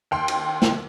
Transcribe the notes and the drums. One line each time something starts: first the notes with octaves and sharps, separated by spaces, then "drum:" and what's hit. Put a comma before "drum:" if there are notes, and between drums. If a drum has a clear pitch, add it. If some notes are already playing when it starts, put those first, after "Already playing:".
D#2 G5 C6
drum: cymbal
drum: snare